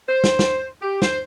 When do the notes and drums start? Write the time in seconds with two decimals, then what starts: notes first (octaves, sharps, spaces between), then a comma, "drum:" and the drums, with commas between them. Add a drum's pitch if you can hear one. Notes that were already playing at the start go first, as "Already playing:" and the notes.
0.08 C5
0.24 drum: snare
0.39 drum: snare
0.82 G4
1.02 C5, drum: snare